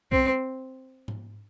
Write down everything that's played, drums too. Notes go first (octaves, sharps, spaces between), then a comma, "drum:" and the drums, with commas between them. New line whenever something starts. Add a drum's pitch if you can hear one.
C4, drum: kick B1
drum: tom G#2